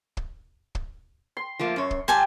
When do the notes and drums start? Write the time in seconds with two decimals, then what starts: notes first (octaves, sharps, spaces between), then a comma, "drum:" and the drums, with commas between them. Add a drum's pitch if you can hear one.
0.17 drum: kick
0.75 drum: kick
1.37 C6
1.59 F3 A3 A#3
1.76 F#2 C#5
1.91 drum: kick
2.08 G3 G4 C5 G#5 A5